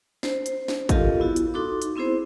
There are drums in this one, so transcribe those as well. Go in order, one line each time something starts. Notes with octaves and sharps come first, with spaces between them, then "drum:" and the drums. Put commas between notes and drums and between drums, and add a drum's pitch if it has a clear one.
C5, drum: snare
drum: hi-hat
drum: snare
F4 G4 A4 A#4 D#5 F5, drum: kick, hi-hat
B3 E4 F#4
drum: hi-hat
D#4 F#4 A4 C6 D6
drum: hi-hat
B3 C4 E4 G#4 C5